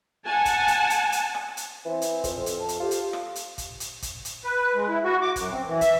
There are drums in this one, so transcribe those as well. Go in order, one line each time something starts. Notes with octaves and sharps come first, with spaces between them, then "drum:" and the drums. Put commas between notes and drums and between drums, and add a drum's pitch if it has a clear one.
F#5 G#5 A5
drum: kick, hi-hat
drum: hi-hat
drum: hi-hat
drum: hi-hat
drum: rim click
drum: hi-hat
E3 C4
drum: hi-hat
F2, drum: kick, hi-hat
drum: hi-hat
A5
drum: hi-hat
F4 G4
drum: hi-hat
drum: rim click
drum: hi-hat
drum: kick, hi-hat
drum: hi-hat
drum: kick, hi-hat
drum: hi-hat
B4
G#3
E4
F#4
D6
F#2, drum: kick, hi-hat
C4
E3
E5, drum: kick, hi-hat